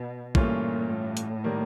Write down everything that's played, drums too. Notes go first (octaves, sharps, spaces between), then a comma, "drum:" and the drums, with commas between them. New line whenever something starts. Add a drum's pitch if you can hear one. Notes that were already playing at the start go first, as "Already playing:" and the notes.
Already playing: B2
G2 A#2 E3 A3 C#4 F4, drum: kick
A2
drum: hi-hat
D#3 G3 A#3